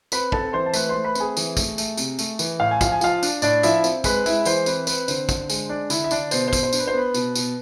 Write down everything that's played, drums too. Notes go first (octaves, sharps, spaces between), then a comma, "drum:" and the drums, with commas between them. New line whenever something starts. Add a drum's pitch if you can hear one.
C4 B4 B5, drum: tambourine
C4 A4 A5, drum: kick
E3 C5 C6
A5
A3 B4 B5, drum: tambourine
A3 C5 C6
B4 B5
C4 G#4 G#5, drum: tambourine
E3, drum: tambourine
A3, drum: kick, tambourine
A3, drum: tambourine
C3, drum: tambourine
A3, drum: tambourine
E3, drum: tambourine
A2 F5
G#5
F3 F5, drum: kick, tambourine
G#5
F3 F4 F5, drum: tambourine
D4, drum: tambourine
A2 D4 D5, drum: tambourine
F3 E4 E5, drum: tambourine
C4, drum: tambourine
G#3 B4 B5, drum: kick, tambourine
G#3 E4 E5, drum: tambourine
E3 C5, drum: tambourine
C4 B4, drum: tambourine
C4 B4, drum: tambourine
D3 C5, drum: tambourine
D3, drum: kick, tambourine
G#3, drum: tambourine
D4 D5
D3 E4 E5, drum: tambourine
E5
D3 D4 D5, drum: tambourine
B2 C5, drum: tambourine
C5
B2, drum: kick, tambourine
C5
D4, drum: tambourine
B4
C5
B3 B4
B2, drum: tambourine
B2, drum: tambourine